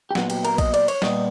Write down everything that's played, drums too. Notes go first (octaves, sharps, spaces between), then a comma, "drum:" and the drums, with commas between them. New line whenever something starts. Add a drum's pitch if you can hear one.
G4
A#2 F#3 B3 F#4, drum: snare
G4, drum: cymbal
A#4, drum: cymbal
D#5, drum: kick A#1, cymbal
D5, drum: cymbal
C#5, drum: cymbal
A#2 G3 B3 D#5, drum: snare